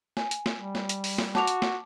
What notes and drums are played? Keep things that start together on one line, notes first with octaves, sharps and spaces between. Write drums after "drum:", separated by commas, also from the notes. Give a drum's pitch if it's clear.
G#5, drum: snare
drum: hi-hat
drum: snare
G3
drum: snare
drum: hi-hat
drum: open hi-hat
drum: snare
F#4 A5 D6 F7, drum: snare
drum: hi-hat
drum: snare